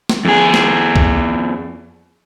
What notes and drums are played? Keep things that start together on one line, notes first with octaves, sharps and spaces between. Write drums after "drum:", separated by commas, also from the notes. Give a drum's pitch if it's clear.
drum: snare
F2 G#4
drum: snare
drum: kick C2